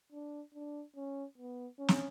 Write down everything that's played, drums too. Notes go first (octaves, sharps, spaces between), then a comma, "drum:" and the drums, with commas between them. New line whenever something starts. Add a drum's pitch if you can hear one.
D4
D4
C#4
B3
C#4
drum: snare